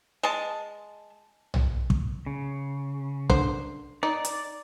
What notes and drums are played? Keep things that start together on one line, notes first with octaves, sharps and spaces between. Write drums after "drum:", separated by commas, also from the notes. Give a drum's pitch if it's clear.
G#3 A5
drum: tom B1
drum: kick
C#3
D3 C5, drum: kick
D#4 D5
drum: hi-hat